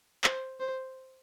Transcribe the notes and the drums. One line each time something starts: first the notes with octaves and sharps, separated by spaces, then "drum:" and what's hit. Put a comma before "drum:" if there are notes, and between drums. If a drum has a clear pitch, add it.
C5, drum: clap
C5